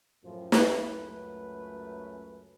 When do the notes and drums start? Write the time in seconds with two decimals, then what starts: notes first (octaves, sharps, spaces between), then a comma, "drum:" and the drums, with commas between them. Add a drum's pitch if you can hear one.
0.23 F#2 A2 F3
0.52 drum: snare
0.66 C#2 F#2 A3 C#4 F#4 B4